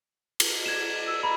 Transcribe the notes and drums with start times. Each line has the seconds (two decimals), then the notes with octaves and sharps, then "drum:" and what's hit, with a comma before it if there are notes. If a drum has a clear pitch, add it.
0.40 drum: cymbal
0.66 G#6 E7
1.07 E6
1.23 A#5 B5